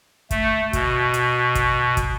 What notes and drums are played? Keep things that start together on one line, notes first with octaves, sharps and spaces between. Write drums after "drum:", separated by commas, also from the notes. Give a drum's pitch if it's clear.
A3, drum: kick, hi-hat
B2, drum: kick, hi-hat
drum: hi-hat
drum: kick, hi-hat
drum: kick, hi-hat